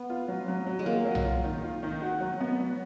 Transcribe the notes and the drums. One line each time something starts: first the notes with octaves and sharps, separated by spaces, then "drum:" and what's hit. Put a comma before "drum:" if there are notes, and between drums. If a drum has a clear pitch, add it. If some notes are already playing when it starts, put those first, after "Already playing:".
Already playing: B3
F4
F#3
F#3
F#3
G#3
A#3 F4
F#3
drum: tom B1
F4
D#3
F4
D#3
F#4
F#3
B3
F#3